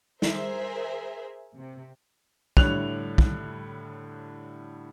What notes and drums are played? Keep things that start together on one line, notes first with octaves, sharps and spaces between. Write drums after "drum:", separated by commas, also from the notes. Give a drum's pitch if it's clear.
G#4 A#4 C5 E5, drum: snare
C3
A2 D3 G3 C#5 F#6 F7, drum: kick
drum: kick